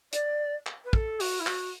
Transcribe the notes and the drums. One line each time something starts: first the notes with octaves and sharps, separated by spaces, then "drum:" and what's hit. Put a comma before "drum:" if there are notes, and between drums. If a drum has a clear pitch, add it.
D5, drum: hi-hat
drum: clap
B4
A4, drum: kick
F#4, drum: open hi-hat
E4
F#4, drum: clap